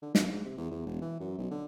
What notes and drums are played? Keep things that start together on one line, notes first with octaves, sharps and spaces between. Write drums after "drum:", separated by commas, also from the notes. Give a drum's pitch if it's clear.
D3
F#2, drum: snare
G#2
C3
E2
E2
E1
E3
F#2
B1
D3